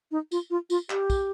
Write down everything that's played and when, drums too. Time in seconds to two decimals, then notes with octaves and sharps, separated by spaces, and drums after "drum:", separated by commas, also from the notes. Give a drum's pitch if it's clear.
0.11 D#4
0.31 F4, drum: tambourine
0.50 F4
0.70 F4, drum: tambourine
0.90 G4, drum: clap
1.10 drum: kick, tambourine